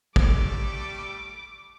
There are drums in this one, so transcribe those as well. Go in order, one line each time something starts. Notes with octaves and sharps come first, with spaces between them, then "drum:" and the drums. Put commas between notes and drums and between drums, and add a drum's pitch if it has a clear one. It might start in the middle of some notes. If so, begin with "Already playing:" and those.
G3 A3 A4 D6, drum: kick